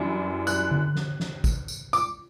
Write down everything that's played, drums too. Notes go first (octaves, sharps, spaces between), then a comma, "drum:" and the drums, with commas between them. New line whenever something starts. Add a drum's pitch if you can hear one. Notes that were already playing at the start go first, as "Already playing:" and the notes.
Already playing: F#2 E3 G3 D4
F#6, drum: tambourine
drum: tom D3
drum: snare
drum: snare
drum: kick, tambourine
drum: tambourine
D6, drum: tambourine